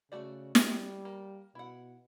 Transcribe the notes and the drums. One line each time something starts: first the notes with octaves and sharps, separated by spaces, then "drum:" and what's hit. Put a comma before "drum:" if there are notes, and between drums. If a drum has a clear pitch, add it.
C#3 A3 F#4 D5
G3, drum: snare
A#3
B2 E4 F#5